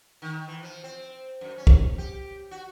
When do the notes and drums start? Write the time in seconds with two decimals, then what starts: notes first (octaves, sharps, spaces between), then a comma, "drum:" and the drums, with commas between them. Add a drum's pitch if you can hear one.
0.22 D#3
0.48 E3
0.63 F3
0.84 C4
1.41 F#2
1.58 C#4
1.67 drum: kick
1.98 G4
2.51 F#4